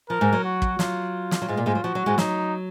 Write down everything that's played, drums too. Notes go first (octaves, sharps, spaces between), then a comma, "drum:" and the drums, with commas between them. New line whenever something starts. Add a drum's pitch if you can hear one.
F3 A#4
G#2 G#3
F#3
F#4
drum: kick
F#3 F4, drum: snare
drum: snare
F#3
G#2 G#3
A#2 A#3
G#2 G#3
F#3
F3 F#4
F#3
G#2 G#3
F#3 D#4, drum: snare